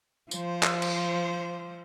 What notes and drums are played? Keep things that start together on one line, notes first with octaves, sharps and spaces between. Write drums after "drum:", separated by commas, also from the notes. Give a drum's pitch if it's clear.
F3 C5, drum: tambourine
drum: clap
drum: cymbal